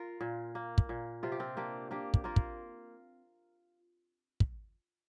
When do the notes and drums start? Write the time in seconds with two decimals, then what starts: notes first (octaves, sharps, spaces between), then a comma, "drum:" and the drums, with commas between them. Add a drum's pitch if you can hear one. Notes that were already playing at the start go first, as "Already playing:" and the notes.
Already playing: F4 A#4
0.21 A#2
0.55 A#3
0.78 drum: kick
0.89 A#2
1.23 C3 F4
1.32 G4
1.40 C4 F4
1.57 A#3 D4 G4
1.91 A#3 D4 G4
2.14 drum: kick
2.24 A#3 F4 A#4
2.36 drum: kick
4.40 drum: kick